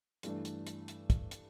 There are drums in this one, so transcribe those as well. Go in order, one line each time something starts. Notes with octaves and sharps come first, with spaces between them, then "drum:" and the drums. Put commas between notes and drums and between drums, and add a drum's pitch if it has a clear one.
G2 E3 A3 D4, drum: hi-hat
drum: hi-hat
drum: hi-hat
drum: hi-hat
drum: kick, hi-hat
drum: hi-hat